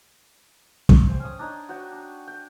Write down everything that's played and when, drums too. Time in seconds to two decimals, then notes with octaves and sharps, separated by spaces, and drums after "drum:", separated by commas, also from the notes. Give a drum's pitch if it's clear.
0.89 drum: kick
1.07 C5 G5 G#5
1.20 C#4 D#6
1.39 D4 D#4 C#5 D#5
1.69 F#4 C#5 G5 G#5
1.92 D4
2.27 G5